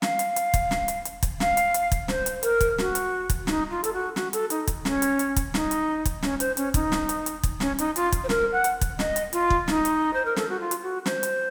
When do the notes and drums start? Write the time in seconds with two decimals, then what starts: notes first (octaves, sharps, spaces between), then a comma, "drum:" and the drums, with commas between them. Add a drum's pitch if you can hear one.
0.02 F5, drum: snare
0.19 drum: hi-hat
0.36 drum: hi-hat
0.54 drum: kick, hi-hat
0.71 drum: snare
0.88 drum: hi-hat
1.05 drum: hi-hat
1.23 drum: kick, hi-hat
1.40 F5, drum: snare
1.57 drum: hi-hat
1.74 drum: hi-hat
1.92 drum: kick, hi-hat
2.08 C5, drum: snare
2.26 drum: hi-hat
2.43 A#4, drum: hi-hat
2.61 drum: kick, hi-hat
2.78 F#4, drum: snare
2.95 drum: hi-hat
3.30 drum: kick, hi-hat
3.47 D#4, drum: snare
3.70 F4
3.84 A4, drum: hi-hat
3.93 F#4
4.16 F#4, drum: snare
4.33 A4, drum: hi-hat
4.50 D#4, drum: hi-hat
4.67 drum: kick, hi-hat
4.85 C#4, drum: snare
5.02 drum: hi-hat
5.19 drum: hi-hat
5.36 drum: kick, hi-hat
5.54 D#4, drum: snare
5.71 drum: hi-hat
6.05 drum: kick, hi-hat
6.22 C#4, drum: snare
6.40 C5, drum: hi-hat
6.57 C#4, drum: hi-hat
6.74 D#4, drum: kick, hi-hat
6.92 drum: snare
7.09 drum: hi-hat
7.26 drum: hi-hat
7.43 drum: kick, hi-hat
7.60 C#4, drum: snare
7.79 D#4, drum: hi-hat
7.96 F4, drum: hi-hat
8.12 drum: kick, hi-hat
8.24 C5
8.29 A#4, drum: snare
8.52 F#5
8.64 drum: hi-hat
8.81 drum: kick, hi-hat
8.99 D#5, drum: snare
9.16 drum: hi-hat
9.33 F4, drum: hi-hat
9.50 drum: kick
9.68 D#4, drum: snare
9.85 drum: hi-hat
10.13 C5
10.25 A#4
10.36 A4, drum: snare
10.49 F#4
10.60 F4
10.71 drum: hi-hat
10.82 F#4
11.06 C5, drum: snare
11.23 drum: hi-hat